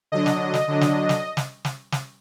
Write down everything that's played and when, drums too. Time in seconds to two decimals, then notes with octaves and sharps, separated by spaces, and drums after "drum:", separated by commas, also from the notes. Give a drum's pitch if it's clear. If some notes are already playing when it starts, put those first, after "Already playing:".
0.12 D3 F#3 D4 D#5
0.26 drum: snare
0.54 drum: snare
0.68 D3 F#3 D4
0.81 drum: snare
1.09 drum: snare
1.37 drum: snare
1.65 drum: snare
1.92 drum: snare